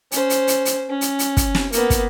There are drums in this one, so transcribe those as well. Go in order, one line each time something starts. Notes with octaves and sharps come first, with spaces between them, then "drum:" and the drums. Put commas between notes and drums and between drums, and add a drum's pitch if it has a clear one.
C#4 C5, drum: hi-hat
drum: hi-hat
drum: hi-hat
drum: hi-hat
C#4
drum: hi-hat
drum: hi-hat
drum: kick, hi-hat
drum: snare
A#3 B3, drum: hi-hat
drum: kick, hi-hat